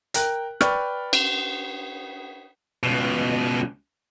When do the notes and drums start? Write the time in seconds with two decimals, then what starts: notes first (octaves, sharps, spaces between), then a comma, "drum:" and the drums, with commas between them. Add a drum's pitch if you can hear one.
0.14 A#4 G5 F#6, drum: hi-hat
0.61 B4 D5 G5 C#6 F6, drum: rim click
1.13 drum: cymbal
2.83 C#2 B2